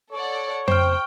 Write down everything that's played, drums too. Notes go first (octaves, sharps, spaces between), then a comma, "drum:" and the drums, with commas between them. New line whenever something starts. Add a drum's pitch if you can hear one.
A4 C#5 D5 F#5
C5 G5 C#6 F6, drum: tom F2